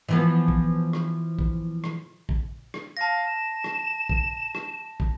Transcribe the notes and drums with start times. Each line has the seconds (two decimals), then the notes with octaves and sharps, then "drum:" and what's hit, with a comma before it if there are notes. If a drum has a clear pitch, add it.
0.09 E3 F3 B3
0.48 drum: kick
0.93 drum: rim click
1.39 drum: kick
1.84 drum: rim click
2.29 drum: kick
2.74 drum: rim click
2.97 F5 A5 A#6
3.27 E7
3.64 drum: rim click
4.09 drum: kick
4.55 drum: rim click
5.00 drum: kick